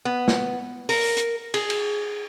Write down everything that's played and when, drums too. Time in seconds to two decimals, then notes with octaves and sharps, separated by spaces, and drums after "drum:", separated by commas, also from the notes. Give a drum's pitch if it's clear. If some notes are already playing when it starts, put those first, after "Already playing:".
0.05 B3
0.28 drum: snare
0.89 A#4, drum: open hi-hat
1.17 drum: hi-hat
1.54 G#4, drum: cymbal
1.70 drum: cymbal